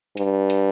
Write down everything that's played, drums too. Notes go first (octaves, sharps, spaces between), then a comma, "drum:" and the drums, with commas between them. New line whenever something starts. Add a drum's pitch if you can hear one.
G2, drum: hi-hat
drum: hi-hat